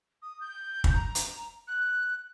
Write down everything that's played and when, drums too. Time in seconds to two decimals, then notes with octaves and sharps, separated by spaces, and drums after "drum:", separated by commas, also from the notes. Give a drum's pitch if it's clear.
0.22 D#6
0.41 G6
0.84 drum: kick
0.94 A#5
1.15 drum: hi-hat
1.68 F#6